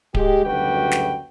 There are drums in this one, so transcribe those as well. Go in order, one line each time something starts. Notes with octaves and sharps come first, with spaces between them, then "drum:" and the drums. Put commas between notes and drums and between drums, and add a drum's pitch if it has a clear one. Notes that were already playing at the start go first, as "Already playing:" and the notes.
G#3 G4, drum: kick D1
F#1 D2 G3 F#4 B4 G5
drum: snare